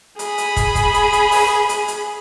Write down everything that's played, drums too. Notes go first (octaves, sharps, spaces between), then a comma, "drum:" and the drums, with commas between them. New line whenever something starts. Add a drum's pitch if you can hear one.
G#4 B5, drum: hi-hat
drum: hi-hat
drum: kick, hi-hat
drum: kick, hi-hat
drum: hi-hat
drum: hi-hat
drum: open hi-hat
drum: hi-hat
drum: hi-hat